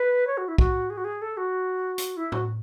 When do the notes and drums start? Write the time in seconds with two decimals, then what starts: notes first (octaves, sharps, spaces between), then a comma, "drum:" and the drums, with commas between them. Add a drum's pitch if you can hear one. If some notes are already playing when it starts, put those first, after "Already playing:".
Already playing: B4
0.27 C#5
0.37 F#4
0.48 E4
0.58 F#4, drum: kick
0.90 G#4
0.97 F#4
1.04 G#4
1.22 A4
1.37 F#4
1.98 drum: hi-hat
2.17 E4
2.32 F#4, drum: tom A2